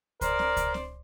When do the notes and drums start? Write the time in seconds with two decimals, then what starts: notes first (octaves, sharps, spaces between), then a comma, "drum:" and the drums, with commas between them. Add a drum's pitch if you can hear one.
0.21 A#4 C5 D5, drum: kick C#2, hi-hat
0.39 drum: snare
0.57 drum: kick C#2, hi-hat
0.74 drum: snare